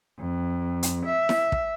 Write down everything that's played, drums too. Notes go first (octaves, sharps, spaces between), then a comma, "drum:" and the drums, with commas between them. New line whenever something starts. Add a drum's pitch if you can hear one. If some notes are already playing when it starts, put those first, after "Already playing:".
F2
drum: hi-hat
E5
drum: snare E4
drum: kick